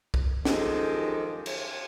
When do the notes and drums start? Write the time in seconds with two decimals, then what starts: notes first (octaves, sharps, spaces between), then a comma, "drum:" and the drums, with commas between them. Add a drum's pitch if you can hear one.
0.14 drum: kick
0.45 F#2 D#3 F3 G#3 G4 A4, drum: snare
1.46 drum: cymbal